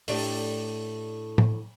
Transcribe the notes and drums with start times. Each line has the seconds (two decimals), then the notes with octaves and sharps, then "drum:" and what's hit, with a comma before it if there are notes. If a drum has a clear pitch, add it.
0.08 A2 D4 G4, drum: open hi-hat
1.38 drum: tom A2